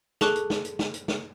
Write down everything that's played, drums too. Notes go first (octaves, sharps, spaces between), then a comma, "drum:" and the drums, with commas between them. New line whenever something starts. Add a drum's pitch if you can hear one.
G#4 A4 A5 C#6 D6 F#6, drum: snare
drum: hi-hat
drum: snare
drum: hi-hat
drum: snare
drum: hi-hat
drum: snare